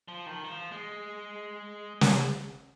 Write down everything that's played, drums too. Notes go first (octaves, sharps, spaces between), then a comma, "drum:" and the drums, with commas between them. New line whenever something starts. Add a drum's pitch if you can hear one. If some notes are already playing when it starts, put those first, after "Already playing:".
F3
D#3
F3
G#3
drum: snare